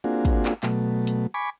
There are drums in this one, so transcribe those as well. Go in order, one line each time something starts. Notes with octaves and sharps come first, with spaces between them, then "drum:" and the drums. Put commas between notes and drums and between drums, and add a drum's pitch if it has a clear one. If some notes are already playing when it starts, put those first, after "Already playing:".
A#3 C4 D4 F4 F#4 G#4
drum: kick, hi-hat
drum: clap
B2 F#3 A3, drum: clap
drum: hi-hat
G#5 B5 C#6 D6